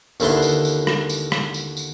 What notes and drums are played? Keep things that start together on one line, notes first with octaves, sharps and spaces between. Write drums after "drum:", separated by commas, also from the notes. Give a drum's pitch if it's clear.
D#2 D3 E4 B4 C6, drum: tambourine
drum: tambourine
drum: tambourine
drum: rim click
drum: tambourine
drum: rim click
drum: tambourine
drum: tambourine